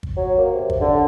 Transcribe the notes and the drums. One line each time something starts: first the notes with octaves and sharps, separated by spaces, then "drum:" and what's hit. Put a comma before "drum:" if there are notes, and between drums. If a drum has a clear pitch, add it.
drum: kick
F#3
A#3
C3
drum: kick
D3